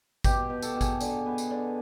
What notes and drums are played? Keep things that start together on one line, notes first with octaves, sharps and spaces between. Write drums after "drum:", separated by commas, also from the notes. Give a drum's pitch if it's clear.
B2 G4, drum: kick G#1, tambourine
B2
A4, drum: tambourine
B2
G#4, drum: kick G#1, tambourine
D3, drum: tambourine
B3
drum: tambourine
D3